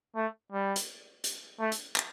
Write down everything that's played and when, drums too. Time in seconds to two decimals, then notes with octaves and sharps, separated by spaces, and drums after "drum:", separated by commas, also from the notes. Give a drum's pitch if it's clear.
0.16 A3
0.52 G3
0.76 drum: hi-hat
1.24 drum: hi-hat
1.60 A3
1.72 drum: hi-hat
1.96 drum: clap